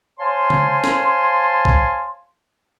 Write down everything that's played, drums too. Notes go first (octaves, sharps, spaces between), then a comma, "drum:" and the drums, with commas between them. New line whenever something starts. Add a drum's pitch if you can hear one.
C5 C#5 F5 G#5 A5 C6
drum: tom C#3
drum: snare
drum: kick B1